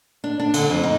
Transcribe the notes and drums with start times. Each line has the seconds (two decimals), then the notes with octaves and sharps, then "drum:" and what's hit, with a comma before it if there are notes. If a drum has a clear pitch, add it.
0.24 D4
0.40 D4
0.54 D3, drum: cymbal
0.70 F2
0.84 D#4